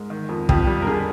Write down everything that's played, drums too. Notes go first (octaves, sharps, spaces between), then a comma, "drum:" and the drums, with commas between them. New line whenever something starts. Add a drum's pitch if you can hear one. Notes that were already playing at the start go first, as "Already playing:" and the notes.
Already playing: G#2 A#4
D#3
F2
F2 G4, drum: kick
G3
A#4
D3 G#4